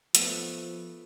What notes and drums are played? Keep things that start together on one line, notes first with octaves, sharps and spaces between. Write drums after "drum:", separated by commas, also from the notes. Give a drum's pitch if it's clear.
F3 A3 B3, drum: hi-hat